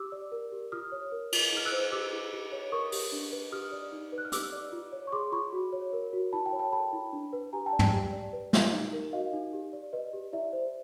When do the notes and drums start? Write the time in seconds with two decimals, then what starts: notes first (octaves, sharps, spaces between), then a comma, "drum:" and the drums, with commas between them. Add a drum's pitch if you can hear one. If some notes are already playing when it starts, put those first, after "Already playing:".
Already playing: G4 D6 E6
0.12 D5
0.32 A#4
0.52 G4
0.72 F4 D#6 F6
0.92 C#5
1.12 A#4
1.32 F4, drum: cymbal
1.52 E4 F6
1.65 E6 F#6
1.72 C5
1.92 G4 D6 E6
2.13 E4
2.32 G4
2.52 C#5
2.72 A#4 C#6 D#6
2.92 G4, drum: open hi-hat
3.12 D4
3.32 B4
3.52 G4 D#6 F6
3.72 D5
3.92 D#4
4.12 B4
4.18 F#6
4.25 F6
4.32 G4 D6 E6, drum: hi-hat
4.53 D5
4.72 F4
4.92 C#5
5.07 C#6
5.12 G#4 C6 D6
5.32 F4 B5 C#6
5.53 F#4
5.73 C#5
5.93 A#4
6.13 F#4
6.33 E4 A5 B5
6.46 G5 A5
6.52 C#5
6.59 G5 A5
6.73 A4 A5 B5
6.93 E4
7.13 D4
7.33 B4
7.53 G4 G#5 A#5
7.66 G5 A5
7.73 D5
7.79 G5 A5, drum: tom
7.93 G4
8.13 D5
8.33 B4
8.53 G4, drum: snare
8.73 D#4
8.93 A#4
9.13 F#4 D#5 F5
9.33 D#4
9.53 G4
9.73 D5
9.93 B4 D#5
10.13 G4
10.33 E4 D5 E5
10.53 C5